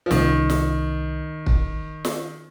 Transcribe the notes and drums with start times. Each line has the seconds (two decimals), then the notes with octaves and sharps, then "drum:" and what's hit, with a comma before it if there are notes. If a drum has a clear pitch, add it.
0.06 F3
0.11 C2 C3 D#3 G3 C#4, drum: snare
0.50 drum: snare
1.46 drum: kick
2.05 drum: snare